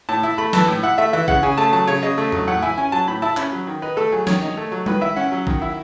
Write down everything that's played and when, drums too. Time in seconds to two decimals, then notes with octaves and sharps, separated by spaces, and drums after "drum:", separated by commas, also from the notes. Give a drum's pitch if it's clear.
0.09 A2 A5
0.23 E4
0.38 A3 B5
0.53 E3 A5, drum: snare
0.68 A2
0.83 E4 F#5
0.98 A3 E5
1.13 E3 E5
1.28 C#3 F#5, drum: kick A#1
1.43 C#3 G#5
1.58 A3 A5
1.72 F#3 A5
1.88 C#3 C#5
2.03 C#3 D#5
2.18 A3
2.32 F#3, drum: tom E2
2.48 A2 F#5
2.62 E4 G#5
2.77 C#4 G#5
2.92 F#3 A5
3.07 A2 B5
3.22 E4 A5
3.37 C#4 B5, drum: clap
3.52 F#3
3.67 D#3
3.82 D#4 B4
3.97 A3 A4
4.12 F#3 G#4
4.27 D#3 C#5, drum: snare
4.42 D#4
4.57 A3
4.72 F#3
4.86 D#3 B4, drum: tom G3
5.01 E4 E5
5.16 C#4 F#5
5.32 F#3
5.47 D#3, drum: kick A#1
5.62 E4